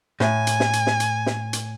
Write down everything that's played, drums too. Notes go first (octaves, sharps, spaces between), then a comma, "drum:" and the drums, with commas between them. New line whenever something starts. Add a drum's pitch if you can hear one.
A2 G#5, drum: snare
drum: hi-hat
drum: snare
drum: hi-hat
drum: snare
drum: hi-hat
drum: snare
drum: hi-hat